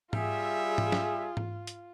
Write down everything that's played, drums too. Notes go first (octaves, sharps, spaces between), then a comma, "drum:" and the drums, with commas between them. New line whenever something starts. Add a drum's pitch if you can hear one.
G3 F4 G#4 E5, drum: tom G#2
drum: tom G#2
drum: snare
drum: tom G#2
drum: hi-hat